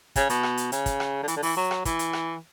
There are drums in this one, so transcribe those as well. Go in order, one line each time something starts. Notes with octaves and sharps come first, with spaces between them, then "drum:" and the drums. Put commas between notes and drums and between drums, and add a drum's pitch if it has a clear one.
C#3, drum: kick, hi-hat
B2, drum: hi-hat
drum: rim click
drum: hi-hat
C#3, drum: hi-hat
drum: kick, hi-hat
drum: rim click
D3
E3, drum: hi-hat
D3
E3, drum: open hi-hat
F#3
drum: rim click
E3, drum: kick, hi-hat
drum: hi-hat
drum: rim click